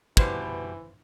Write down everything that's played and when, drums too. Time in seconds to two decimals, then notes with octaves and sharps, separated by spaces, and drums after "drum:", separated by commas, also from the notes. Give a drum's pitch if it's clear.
0.17 B2 E3 G3 B4 C5, drum: kick